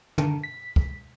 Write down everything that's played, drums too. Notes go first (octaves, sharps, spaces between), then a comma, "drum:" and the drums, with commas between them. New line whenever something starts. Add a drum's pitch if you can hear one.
D3 D#3, drum: tom
B6
drum: kick C#2